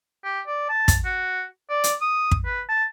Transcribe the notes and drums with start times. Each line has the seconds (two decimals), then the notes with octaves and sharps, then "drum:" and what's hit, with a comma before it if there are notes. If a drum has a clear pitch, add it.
0.24 G4
0.47 D5
0.69 A5
0.88 drum: kick, hi-hat
1.05 F#4
1.69 D5
1.84 drum: hi-hat
2.01 D#6
2.31 drum: kick
2.45 B4
2.69 A5